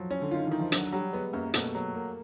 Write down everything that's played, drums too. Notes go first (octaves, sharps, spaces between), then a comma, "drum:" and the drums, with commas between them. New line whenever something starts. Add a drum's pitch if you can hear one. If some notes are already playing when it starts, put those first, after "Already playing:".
Already playing: F3 F#3
C#4
D3
D#3 F4
D#3 E3
F3
D3 F#3, drum: hi-hat
F#3 G3
G#3 B3
F#2 A#3
B2 A3, drum: hi-hat
F#3
A#3